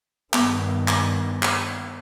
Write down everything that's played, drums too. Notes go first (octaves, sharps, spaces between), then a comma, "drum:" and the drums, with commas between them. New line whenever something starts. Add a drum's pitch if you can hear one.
G2 D#3 B3, drum: clap
drum: clap
drum: clap